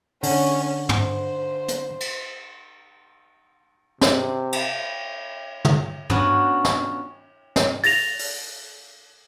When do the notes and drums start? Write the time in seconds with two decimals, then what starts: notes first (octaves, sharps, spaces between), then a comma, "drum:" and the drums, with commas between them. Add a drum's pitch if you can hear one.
0.23 D3 C#4, drum: open hi-hat
0.89 C5, drum: tom
1.69 drum: hi-hat
2.00 drum: cymbal
4.01 C3, drum: snare
4.52 drum: cymbal
5.65 drum: tom
6.10 B3 C#4 D4 F4 F#4 A#4, drum: tom
6.65 drum: snare
7.56 drum: snare
7.84 A6 A#6 F7, drum: open hi-hat
8.19 drum: open hi-hat